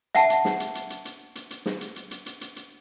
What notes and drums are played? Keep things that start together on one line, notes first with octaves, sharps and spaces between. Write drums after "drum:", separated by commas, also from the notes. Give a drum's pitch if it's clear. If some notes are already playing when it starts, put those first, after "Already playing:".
E5 F#5 A5, drum: hi-hat
drum: hi-hat
drum: snare
drum: hi-hat
drum: hi-hat
drum: hi-hat
drum: hi-hat
drum: hi-hat
drum: hi-hat
drum: snare
drum: hi-hat
drum: hi-hat
drum: hi-hat
drum: hi-hat
drum: hi-hat
drum: hi-hat